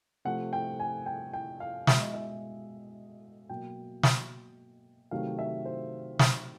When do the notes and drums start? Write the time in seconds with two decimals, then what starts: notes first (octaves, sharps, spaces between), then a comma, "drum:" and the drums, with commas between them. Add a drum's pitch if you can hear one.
0.25 C3 F3 A3 F#5
0.53 G5
0.80 G#5
1.06 G5
1.34 G5
1.60 F5
1.87 B2 G#3 E5, drum: snare
2.01 D#5
2.14 E5
3.49 B2 F#3 A#3 G5
4.03 drum: snare
5.11 C3 D#3 F#3 A3 F5
5.39 E5
5.66 C5
6.19 drum: snare